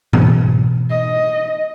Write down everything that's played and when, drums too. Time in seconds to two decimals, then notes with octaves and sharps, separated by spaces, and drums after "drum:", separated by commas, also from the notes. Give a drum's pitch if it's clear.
0.13 B2 E3, drum: tom
0.90 D#5